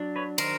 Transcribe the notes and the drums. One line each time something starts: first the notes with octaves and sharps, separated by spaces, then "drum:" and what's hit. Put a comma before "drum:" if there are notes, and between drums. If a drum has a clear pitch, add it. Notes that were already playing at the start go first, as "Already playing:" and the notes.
Already playing: F#3 D4
B4 C#5
D#3 A#4 C5, drum: cymbal